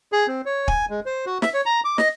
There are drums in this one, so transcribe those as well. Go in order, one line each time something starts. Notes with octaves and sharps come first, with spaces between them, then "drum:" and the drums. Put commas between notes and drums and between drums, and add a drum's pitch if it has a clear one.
G#4
C4
C#5
G#5, drum: kick
G#3
C5
F#4
E5, drum: snare
C#5
A#5
D6
D#5, drum: snare